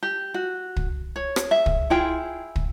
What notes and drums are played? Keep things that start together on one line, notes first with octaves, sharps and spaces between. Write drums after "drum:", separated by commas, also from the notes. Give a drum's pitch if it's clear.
G4
F#4
drum: kick
C#5
drum: rim click
G#4 E5
drum: kick
E4 F4 G#4 G5
drum: kick